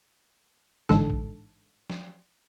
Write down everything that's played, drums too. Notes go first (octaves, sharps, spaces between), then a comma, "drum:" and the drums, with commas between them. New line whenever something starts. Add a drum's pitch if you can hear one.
A1 G#2 D3 A4, drum: snare
drum: kick A1
drum: snare